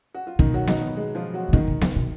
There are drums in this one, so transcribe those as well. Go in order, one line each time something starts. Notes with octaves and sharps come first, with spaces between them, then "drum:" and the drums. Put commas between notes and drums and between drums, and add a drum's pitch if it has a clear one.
F#4
F4
B2 D#3 D#4, drum: kick
F#3 F#4
D#3 D#4, drum: snare B3
B2 B3
G#3
F3 F4
F#3 F#4
G#2
A#2 D#3 D#4, drum: kick
B2
C#3, drum: snare B3
B2